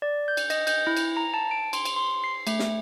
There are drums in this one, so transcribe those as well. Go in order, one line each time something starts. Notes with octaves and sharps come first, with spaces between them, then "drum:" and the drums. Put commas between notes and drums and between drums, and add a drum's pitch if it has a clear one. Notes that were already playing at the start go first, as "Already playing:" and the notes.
D5
G6
drum: cymbal
D#5, drum: cymbal
G6, drum: cymbal
E4
drum: cymbal
A#5
A5
D7
C6, drum: cymbal
drum: cymbal
C6
C7
A3, drum: cymbal
drum: snare